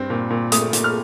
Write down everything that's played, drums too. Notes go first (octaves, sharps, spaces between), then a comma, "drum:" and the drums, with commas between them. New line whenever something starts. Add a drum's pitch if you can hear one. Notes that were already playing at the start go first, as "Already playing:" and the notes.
Already playing: G2 C4
A#2
A#2
A3 D#6, drum: hi-hat
A#2, drum: hi-hat
F6